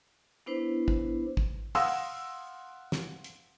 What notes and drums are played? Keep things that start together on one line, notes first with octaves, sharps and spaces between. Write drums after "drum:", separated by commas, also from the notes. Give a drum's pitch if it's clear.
B3 D4 E4 B4 C5
drum: kick
drum: kick
F5 F#5 C6 D#6 E6 A#6, drum: open hi-hat
drum: snare
drum: hi-hat